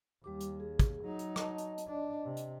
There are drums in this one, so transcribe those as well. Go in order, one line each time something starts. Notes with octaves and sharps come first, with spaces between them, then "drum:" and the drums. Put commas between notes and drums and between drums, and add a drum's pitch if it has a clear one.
D#2 G3 G4 D6
drum: hi-hat
G#4
drum: kick, hi-hat
F#3 D#4
drum: hi-hat
D#5 A5, drum: rim click
drum: hi-hat
drum: hi-hat
D4 D#5
C3
drum: hi-hat